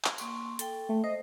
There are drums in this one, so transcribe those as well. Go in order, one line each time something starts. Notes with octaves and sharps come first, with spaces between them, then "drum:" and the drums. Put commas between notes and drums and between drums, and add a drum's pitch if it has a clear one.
drum: clap
A#3 C6 C#6, drum: tambourine
A4 G5, drum: hi-hat
A3
C5 D#5